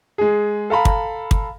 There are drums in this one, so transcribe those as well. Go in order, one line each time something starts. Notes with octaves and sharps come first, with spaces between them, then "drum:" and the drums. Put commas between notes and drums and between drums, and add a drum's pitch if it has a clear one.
G#3 G#4
A4 F5 A#5 B5
drum: kick
drum: kick